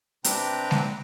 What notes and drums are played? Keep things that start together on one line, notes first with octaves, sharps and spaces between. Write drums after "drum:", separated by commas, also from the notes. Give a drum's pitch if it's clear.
C3 C4 D4 B4 G5 A#5, drum: hi-hat
drum: snare G#3